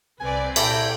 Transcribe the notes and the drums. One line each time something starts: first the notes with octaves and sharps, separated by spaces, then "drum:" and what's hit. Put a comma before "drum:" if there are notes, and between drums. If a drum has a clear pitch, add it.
C2 C4 B4 D5 G#5
A#2 E4 A4 D5 G5 A#5, drum: cymbal